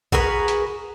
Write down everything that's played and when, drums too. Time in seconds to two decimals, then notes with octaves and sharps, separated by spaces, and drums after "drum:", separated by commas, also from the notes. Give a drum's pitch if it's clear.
0.12 F#4 G#4 A#4 B4, drum: kick A#1
0.48 drum: hi-hat